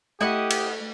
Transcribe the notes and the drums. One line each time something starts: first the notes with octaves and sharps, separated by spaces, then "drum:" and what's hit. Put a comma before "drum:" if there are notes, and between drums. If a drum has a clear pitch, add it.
A3 E4 G4 D#5 F#5
drum: cymbal